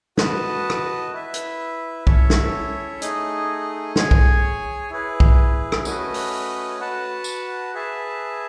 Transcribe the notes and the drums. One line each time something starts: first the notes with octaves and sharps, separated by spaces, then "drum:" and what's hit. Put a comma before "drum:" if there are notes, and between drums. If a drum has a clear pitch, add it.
F#4 B4 D#5 A5, drum: snare
drum: rim click
E4 B4 E5
drum: hi-hat
C#4 E4 A4 C#5 E5, drum: kick B1
drum: snare
A3 D#4 G#4 D#5, drum: hi-hat
G#4 C#5 G#5, drum: snare
drum: kick B1
E4 G#4 B4
drum: kick B1
drum: rim click
A3 C#4 F#4 B4 D#5, drum: tambourine
drum: open hi-hat
F#4 B4 F#5 A5
drum: tambourine
G#4 B4 E5 A5